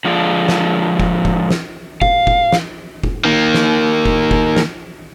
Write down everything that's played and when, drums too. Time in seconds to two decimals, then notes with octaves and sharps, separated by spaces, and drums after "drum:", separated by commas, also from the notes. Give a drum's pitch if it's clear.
0.05 D3 F3 G#3 F4 D5
0.49 drum: snare
0.99 drum: kick F1
1.25 drum: kick F1
1.50 drum: snare
2.01 F5, drum: kick F1
2.27 drum: kick F1
2.52 drum: snare
3.03 drum: kick F1
3.25 D#3 A#3
3.54 drum: snare
4.05 drum: kick F1
4.31 drum: kick F1
4.56 drum: snare